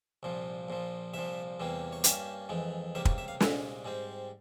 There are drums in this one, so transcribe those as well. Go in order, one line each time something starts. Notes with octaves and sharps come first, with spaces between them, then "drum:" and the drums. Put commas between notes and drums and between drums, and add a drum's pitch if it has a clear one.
C2 A#2 F3
A#1 A#2 F3
C2 A#2 F3 E5
E2 C3 E3 G3 A#3
C#5
G2 G3 A#3 C#4 E5, drum: hi-hat
F2 E3 G#3
C#2 C3 G3 A#3 E5
C#5, drum: kick
E5
F5
C2 A#2 G#3, drum: snare
G#2 G3 C4